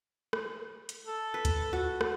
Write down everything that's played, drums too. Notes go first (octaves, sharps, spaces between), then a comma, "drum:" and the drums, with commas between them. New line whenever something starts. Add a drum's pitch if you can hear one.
drum: rim click
drum: hi-hat
A4
B4
drum: kick D2, hi-hat
F#4
drum: rim click